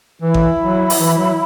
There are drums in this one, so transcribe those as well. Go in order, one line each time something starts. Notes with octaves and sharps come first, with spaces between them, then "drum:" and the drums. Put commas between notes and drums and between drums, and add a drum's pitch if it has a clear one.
E3 E4
drum: kick G#1
F#3
drum: open hi-hat
E3
F#3